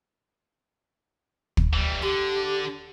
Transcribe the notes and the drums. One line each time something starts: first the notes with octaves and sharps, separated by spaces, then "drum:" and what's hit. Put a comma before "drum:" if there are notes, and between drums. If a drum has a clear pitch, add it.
drum: kick
E3 G3
D3 G4